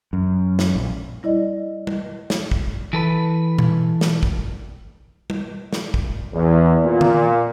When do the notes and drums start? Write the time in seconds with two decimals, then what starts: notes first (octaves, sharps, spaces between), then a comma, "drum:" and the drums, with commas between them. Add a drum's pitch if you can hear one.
0.13 F#2
0.59 drum: snare
0.75 A#1
1.23 G3 E4 D5 D#5
1.87 drum: tom
2.30 drum: snare
2.51 drum: kick
2.93 E3 A4 B4
3.58 drum: tom A#2
4.01 drum: snare
4.23 drum: kick
5.30 drum: tom
5.73 drum: snare
5.94 drum: kick
6.33 E2
6.85 A#2
7.01 drum: tom D3